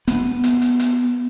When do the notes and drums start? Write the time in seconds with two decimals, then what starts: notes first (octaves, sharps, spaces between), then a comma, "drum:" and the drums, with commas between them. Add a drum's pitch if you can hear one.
0.08 B3, drum: hi-hat
0.44 drum: hi-hat
0.61 drum: hi-hat
0.79 drum: hi-hat